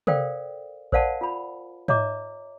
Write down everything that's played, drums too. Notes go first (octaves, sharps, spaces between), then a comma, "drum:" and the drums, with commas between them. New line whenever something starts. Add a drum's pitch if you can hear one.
A4 A#4 C5 D5 F5 G5, drum: tom C3
A#4 C5 D5 F5 F#5 A5, drum: kick A#1
F4 B5
C#5 D#5 E5 A#5 D6, drum: tom G#2